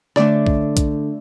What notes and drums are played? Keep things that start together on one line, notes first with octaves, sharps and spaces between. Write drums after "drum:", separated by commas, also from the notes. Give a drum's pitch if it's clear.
D3 A3 D4 D5, drum: rim click
drum: kick
drum: kick, hi-hat